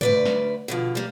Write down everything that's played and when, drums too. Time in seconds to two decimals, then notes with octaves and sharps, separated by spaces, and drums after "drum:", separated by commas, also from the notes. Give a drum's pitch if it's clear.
0.01 D2 B4 D5, drum: tom
0.26 drum: snare
0.68 B2 D3 F3
0.95 G3 A#3